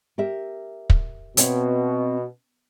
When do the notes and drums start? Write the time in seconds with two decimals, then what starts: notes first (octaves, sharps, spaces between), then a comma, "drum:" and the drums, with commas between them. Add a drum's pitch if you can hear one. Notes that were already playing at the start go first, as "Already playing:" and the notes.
0.18 G4 A#4 E5
0.90 drum: kick
1.37 B2 C4 C#5 E5, drum: hi-hat